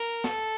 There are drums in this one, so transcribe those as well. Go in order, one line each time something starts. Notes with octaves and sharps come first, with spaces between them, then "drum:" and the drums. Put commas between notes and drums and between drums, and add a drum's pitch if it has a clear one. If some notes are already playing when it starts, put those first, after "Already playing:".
Already playing: A#4
A4, drum: snare